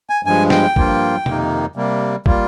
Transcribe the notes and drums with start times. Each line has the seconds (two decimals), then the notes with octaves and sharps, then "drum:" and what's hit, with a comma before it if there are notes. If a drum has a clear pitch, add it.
0.10 G#5
0.25 G2 F3 G#3 G#5
0.50 G5, drum: snare
0.76 G2 F3 A#3 F4, drum: kick
1.26 F2 C3 D#3 A#3 D#4, drum: tom B2
1.76 C3 G3 A#3
2.26 G3 A#3 F4, drum: kick